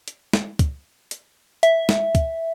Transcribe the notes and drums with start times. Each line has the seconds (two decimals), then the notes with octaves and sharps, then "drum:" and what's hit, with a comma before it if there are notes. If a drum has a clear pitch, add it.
0.08 drum: hi-hat
0.33 drum: snare
0.59 drum: kick, hi-hat
1.11 drum: hi-hat
1.63 E5, drum: hi-hat
1.89 drum: snare
2.15 drum: kick, hi-hat